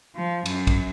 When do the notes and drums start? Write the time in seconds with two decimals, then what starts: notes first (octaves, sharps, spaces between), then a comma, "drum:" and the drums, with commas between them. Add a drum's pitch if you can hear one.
0.16 F3
0.46 F#2, drum: cymbal
0.67 drum: kick, cymbal